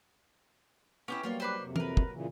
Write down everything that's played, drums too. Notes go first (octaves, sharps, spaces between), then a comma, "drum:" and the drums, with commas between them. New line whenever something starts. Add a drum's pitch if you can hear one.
B3 C#4 E4 G4
F#3 G3 A#3 F4 C#5
D4 B4 C5
F2 C3
A#4 B4, drum: tom
drum: kick
A#2 C#3 E3